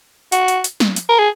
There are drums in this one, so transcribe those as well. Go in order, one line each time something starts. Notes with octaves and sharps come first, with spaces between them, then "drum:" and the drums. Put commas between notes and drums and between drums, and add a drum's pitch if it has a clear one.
F#4, drum: hi-hat
drum: hi-hat
drum: hi-hat
drum: snare
drum: hi-hat
A#4
G#4